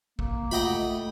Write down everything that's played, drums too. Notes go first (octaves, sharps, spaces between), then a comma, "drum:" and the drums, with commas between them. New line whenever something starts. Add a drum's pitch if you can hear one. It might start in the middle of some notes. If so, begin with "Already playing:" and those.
A#3, drum: kick
A3 F4 D#5 E5 F#5 G5 B5